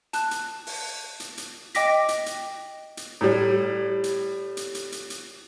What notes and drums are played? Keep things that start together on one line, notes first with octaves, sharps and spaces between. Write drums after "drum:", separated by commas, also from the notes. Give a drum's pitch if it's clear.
A5 F#6, drum: hi-hat
drum: hi-hat
drum: open hi-hat
drum: hi-hat
drum: hi-hat
D#5 G5 D6 A#6 B6, drum: hi-hat
drum: hi-hat
drum: hi-hat
drum: hi-hat
A2 G3
drum: hi-hat
drum: hi-hat
drum: hi-hat
drum: hi-hat
drum: hi-hat